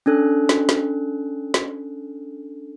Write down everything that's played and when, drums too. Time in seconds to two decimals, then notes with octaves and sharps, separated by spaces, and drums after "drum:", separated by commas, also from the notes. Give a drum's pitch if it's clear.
0.06 C#4 D4 A4 F#6
0.49 drum: snare
0.69 drum: snare
1.54 drum: snare